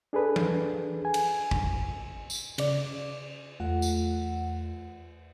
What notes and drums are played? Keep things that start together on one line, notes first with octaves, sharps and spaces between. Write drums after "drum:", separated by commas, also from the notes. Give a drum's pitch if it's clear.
D4 G#4 A4 B4
drum: tom E3
G#5
drum: cymbal
drum: kick
drum: tambourine
C#3 D5, drum: cymbal
E2 A3 F4 F#5
drum: tambourine